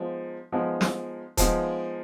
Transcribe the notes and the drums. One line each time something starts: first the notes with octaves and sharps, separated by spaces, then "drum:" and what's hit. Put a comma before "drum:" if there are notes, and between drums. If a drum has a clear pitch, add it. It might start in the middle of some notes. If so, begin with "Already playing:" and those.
Already playing: F3 G#3 B3 D#4
F3 G#3 B3 D#4
drum: snare
F3 G#3 B3 D#4, drum: kick D#1, hi-hat